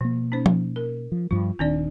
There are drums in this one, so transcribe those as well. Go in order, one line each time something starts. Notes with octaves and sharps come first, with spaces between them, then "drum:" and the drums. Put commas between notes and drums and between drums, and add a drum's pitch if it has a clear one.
B2 F3 A#3
C#4 D#4 C5
drum: tom F3
A#4
F3
G2 F3 F4
D#1 D#2 D#3 C4 D4 D5